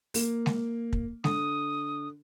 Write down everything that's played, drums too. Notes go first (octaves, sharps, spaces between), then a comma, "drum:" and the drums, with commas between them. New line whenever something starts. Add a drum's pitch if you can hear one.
A#3, drum: open hi-hat
drum: snare G#3
drum: kick
D3 D#6, drum: snare G#3